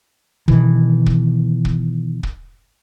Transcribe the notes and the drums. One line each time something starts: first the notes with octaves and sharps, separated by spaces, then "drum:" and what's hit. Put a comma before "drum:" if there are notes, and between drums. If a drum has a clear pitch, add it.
B2 D#3 E3, drum: kick
drum: kick
drum: kick
drum: kick